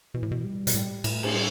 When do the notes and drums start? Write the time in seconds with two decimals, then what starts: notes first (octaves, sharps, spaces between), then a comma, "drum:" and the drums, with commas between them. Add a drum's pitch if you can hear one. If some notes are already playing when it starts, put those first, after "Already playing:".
0.14 B2 E3
0.23 A2
0.31 B2
0.44 G3
0.67 B2, drum: hi-hat
0.74 A2 G3
1.04 A2 A3, drum: cymbal
1.23 drum: cymbal
1.34 G3